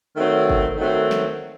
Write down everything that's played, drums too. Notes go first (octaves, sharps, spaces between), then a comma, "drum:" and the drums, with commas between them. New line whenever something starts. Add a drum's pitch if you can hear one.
D#3 F#3 A3 C4
drum: kick G1
D#3 F#3 A3 C4
drum: snare